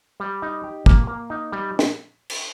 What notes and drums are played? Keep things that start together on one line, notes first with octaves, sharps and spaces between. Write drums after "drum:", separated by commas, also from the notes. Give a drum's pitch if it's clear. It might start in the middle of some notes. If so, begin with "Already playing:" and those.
G3
D#4
G4
A#3, drum: kick
A#3
D#4
G3
drum: snare
drum: cymbal